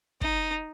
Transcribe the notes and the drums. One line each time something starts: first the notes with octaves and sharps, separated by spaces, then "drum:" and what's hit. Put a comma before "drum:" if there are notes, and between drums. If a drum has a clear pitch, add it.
D#4, drum: kick